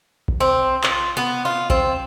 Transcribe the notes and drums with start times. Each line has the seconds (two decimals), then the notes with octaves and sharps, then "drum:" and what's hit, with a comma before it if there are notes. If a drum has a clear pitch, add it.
0.28 drum: kick A#1
0.40 C4
0.84 F4, drum: clap
1.17 B3
1.45 F4
1.70 C4, drum: kick A#1